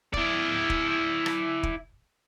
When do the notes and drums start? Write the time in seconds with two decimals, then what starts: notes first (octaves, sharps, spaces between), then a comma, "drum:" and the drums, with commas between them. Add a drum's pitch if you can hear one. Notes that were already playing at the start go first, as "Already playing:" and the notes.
0.14 E4 D5, drum: kick
0.70 drum: kick
1.26 drum: rim click
1.63 drum: kick